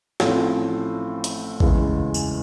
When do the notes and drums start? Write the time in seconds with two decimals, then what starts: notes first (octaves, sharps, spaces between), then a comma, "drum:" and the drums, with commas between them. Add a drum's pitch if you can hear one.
0.20 A1 A2 F3 A3 C4, drum: snare
1.24 drum: hi-hat
1.60 E2 C#3 E3 G#3, drum: kick
2.14 drum: tambourine